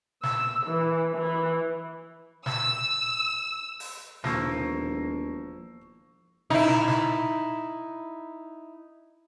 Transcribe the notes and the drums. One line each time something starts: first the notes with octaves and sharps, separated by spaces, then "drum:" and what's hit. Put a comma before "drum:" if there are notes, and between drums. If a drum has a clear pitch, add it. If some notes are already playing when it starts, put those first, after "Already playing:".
E6, drum: snare
E3
E3
E6, drum: snare
drum: open hi-hat
E1 D#2 F3 A#3 C#6 E6 A#6, drum: snare
D#4 E4, drum: snare
drum: snare
drum: snare